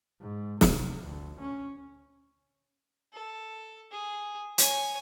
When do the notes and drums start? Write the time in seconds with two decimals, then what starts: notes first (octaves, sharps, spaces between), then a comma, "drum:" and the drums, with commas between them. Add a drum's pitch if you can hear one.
0.21 G#2
0.61 C3, drum: snare
1.04 D2
1.41 C#4
3.13 A4
3.92 G#4
4.58 C#5 G#5, drum: hi-hat